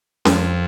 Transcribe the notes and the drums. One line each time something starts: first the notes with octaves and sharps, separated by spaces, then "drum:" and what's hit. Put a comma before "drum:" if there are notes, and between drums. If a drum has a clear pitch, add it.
F2, drum: snare C#4